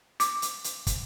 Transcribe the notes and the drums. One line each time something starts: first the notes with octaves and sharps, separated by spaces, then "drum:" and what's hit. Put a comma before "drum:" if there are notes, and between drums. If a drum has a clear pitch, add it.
D6, drum: hi-hat
drum: hi-hat
drum: hi-hat
drum: kick, hi-hat